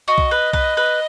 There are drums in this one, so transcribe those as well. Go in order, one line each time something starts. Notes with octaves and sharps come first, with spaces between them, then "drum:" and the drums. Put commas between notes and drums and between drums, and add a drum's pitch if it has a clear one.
F#4 D#5
drum: kick B1
B4
B4, drum: kick B1
B4